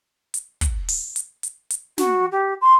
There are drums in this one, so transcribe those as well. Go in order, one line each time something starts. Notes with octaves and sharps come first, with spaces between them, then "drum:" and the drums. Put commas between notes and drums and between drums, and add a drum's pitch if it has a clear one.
drum: hi-hat
drum: kick, hi-hat
drum: open hi-hat
drum: hi-hat
drum: hi-hat
drum: hi-hat
F#4, drum: snare
G4
C6